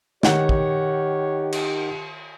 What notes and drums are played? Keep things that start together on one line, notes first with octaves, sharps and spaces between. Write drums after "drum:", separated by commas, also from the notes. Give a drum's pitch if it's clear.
D#3 G4 C#5 F#5, drum: snare
drum: kick
drum: cymbal